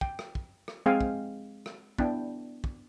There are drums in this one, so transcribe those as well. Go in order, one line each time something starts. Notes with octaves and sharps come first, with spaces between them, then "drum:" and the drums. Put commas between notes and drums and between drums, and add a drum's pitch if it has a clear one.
G5, drum: kick
drum: rim click
drum: kick
drum: rim click
G#3 C4 G#4 F5 G5 G#5
drum: kick
drum: rim click
B3 D4 E4 G5, drum: kick
drum: kick